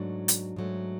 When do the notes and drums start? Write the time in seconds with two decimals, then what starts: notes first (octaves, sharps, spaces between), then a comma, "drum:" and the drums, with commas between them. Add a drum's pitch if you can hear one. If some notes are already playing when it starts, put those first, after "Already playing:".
Already playing: G#2 F#3 A3 D4
0.28 drum: hi-hat
0.56 G#2 F#3 A3